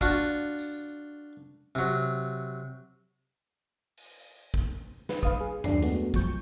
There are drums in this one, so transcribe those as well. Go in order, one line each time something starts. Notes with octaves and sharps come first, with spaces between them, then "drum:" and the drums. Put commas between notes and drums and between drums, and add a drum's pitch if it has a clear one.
D4 F4 F#4, drum: kick
drum: tambourine
C3 F#3
drum: open hi-hat
drum: kick
B4, drum: snare
B4 F5 D#6, drum: kick
G#4
D#2 F#3 D4 C7, drum: tom F#2
G#3 A3 B3 F#4, drum: hi-hat
B1 F2 F3 F#3 C#6 G6, drum: kick